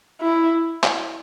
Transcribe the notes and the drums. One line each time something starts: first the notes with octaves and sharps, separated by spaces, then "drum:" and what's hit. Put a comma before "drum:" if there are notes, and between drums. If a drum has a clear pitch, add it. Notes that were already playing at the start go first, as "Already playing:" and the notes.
E4
drum: clap